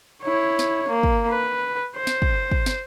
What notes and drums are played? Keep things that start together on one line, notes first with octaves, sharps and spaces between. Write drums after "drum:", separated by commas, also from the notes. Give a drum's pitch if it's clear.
E4 C#5
drum: snare
A#3
drum: kick
B4
C5
drum: snare
drum: kick
drum: kick
drum: snare